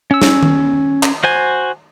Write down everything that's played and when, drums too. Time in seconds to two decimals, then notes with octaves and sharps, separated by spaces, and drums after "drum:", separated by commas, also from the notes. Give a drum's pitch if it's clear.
0.11 C#4 E6
0.22 drum: snare
0.43 drum: tom D#3
1.03 drum: clap
1.23 F#4 C5 G#5